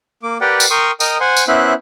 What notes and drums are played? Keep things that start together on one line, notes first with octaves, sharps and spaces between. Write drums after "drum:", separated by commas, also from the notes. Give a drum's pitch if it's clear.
A#3 D6
G4 A#4 B4 D5 F#5 G5
drum: tambourine
A#4 G5 C6 C#6 D#6
A#4 D#5 G5 A#5 D#6, drum: tambourine
C5 F#5 G#5 C6
drum: tambourine
B3 C#4 E4 C5 E5 F#6